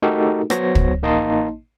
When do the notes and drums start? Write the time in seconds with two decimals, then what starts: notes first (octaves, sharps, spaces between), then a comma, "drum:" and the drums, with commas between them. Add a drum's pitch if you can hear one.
0.02 A3 D#4 F#4 G4 A4 A#4
0.50 F#3 B3 C5 C#5 A#6, drum: rim click
0.75 drum: kick
1.02 A1 A#3 D#4 D#5 A5 C6